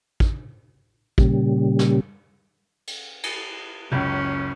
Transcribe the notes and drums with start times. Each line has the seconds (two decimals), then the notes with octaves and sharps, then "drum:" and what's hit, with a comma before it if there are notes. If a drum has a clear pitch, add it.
0.20 drum: kick
1.18 A#2 C#3 G3, drum: kick
1.79 drum: snare
2.87 drum: cymbal
3.23 drum: cymbal
3.92 F#1 C#2 C#4